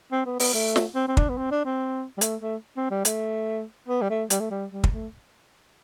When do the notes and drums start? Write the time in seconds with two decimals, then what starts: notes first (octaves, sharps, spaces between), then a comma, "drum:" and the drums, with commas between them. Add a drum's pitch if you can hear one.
0.12 C4
0.26 B3
0.39 B3, drum: open hi-hat
0.54 A3
0.76 drum: snare
0.95 C4
1.08 C4
1.17 D4, drum: kick
1.29 B3
1.37 C4
1.51 D4
1.65 C4
2.17 G3
2.21 A3, drum: hi-hat
2.41 A3
2.77 C4
2.91 G3
3.05 A3, drum: hi-hat
3.88 B3
4.02 G3
4.10 A3
4.30 G3, drum: hi-hat
4.40 A3
4.51 G3
4.72 G3
4.84 drum: kick
4.93 A3